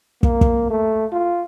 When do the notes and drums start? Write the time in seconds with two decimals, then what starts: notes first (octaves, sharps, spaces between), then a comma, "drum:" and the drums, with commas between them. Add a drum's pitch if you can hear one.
0.23 A#3, drum: kick
0.41 drum: kick
0.70 A3
1.12 F4